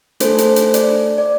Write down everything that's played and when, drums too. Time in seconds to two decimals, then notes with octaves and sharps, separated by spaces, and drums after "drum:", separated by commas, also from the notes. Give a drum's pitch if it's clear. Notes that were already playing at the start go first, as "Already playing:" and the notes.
0.20 A3 D4 A4 C5, drum: hi-hat
0.38 drum: hi-hat
0.56 drum: hi-hat
0.74 D5, drum: hi-hat
1.18 D5